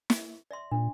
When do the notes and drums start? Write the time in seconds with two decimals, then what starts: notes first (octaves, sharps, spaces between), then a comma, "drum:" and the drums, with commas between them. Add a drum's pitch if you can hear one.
0.10 drum: snare
0.51 D5 E5 C6
0.71 A#2 D4